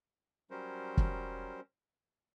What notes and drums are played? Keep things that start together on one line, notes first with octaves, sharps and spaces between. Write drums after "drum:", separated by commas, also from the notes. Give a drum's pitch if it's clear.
F#3 G3 C#4 A#4 C5
drum: kick